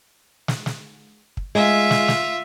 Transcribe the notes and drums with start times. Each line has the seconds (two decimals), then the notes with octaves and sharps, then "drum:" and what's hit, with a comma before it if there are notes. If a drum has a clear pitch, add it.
0.48 drum: snare
0.66 drum: snare
1.37 drum: kick
1.55 G#3 F4 E5
1.91 drum: snare
2.08 drum: snare